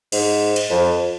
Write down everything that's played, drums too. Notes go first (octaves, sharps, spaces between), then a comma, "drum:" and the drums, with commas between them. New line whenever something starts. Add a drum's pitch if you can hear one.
G#2, drum: cymbal
drum: cymbal
F2